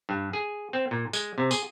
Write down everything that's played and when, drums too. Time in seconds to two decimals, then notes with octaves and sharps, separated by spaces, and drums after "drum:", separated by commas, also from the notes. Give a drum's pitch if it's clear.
0.09 G2
0.33 G#4
0.73 C4
0.91 A#2
1.13 G#3, drum: tambourine
1.38 C3
1.51 G#4, drum: tambourine